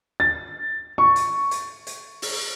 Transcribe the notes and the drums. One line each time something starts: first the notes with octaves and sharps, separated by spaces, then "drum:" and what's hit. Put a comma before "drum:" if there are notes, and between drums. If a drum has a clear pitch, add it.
A6
C#6
drum: hi-hat
drum: hi-hat
drum: hi-hat
drum: open hi-hat